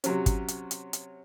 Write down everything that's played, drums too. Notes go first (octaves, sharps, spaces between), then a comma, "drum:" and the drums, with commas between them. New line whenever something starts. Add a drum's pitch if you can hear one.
C3 F#3 C#4, drum: hi-hat
drum: kick, hi-hat
drum: hi-hat
drum: hi-hat
drum: hi-hat